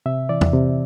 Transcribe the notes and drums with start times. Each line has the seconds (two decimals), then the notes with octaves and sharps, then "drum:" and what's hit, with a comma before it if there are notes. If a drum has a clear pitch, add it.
0.06 C3 E5
0.29 E3 D5
0.41 drum: tom E2
0.53 C3